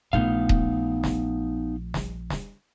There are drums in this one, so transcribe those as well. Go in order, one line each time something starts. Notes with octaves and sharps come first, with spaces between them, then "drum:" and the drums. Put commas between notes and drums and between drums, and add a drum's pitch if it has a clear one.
A#1 A3 B3 D#4 F5
drum: kick D#1
drum: snare
drum: snare
drum: snare